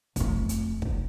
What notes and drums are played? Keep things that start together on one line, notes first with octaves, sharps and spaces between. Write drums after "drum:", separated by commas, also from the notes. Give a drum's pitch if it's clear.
F2 A3, drum: kick, hi-hat
drum: hi-hat
drum: kick